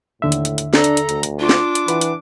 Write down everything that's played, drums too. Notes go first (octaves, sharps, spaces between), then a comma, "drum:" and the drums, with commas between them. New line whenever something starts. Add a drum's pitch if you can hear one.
D#2 A2 D3 E5
drum: hi-hat
drum: hi-hat
drum: hi-hat
D4 A4 A#5, drum: snare
drum: hi-hat
drum: hi-hat
D2, drum: hi-hat
drum: hi-hat
D4 F4 D6
drum: snare
drum: hi-hat
E3 B4 F#5, drum: hi-hat
drum: hi-hat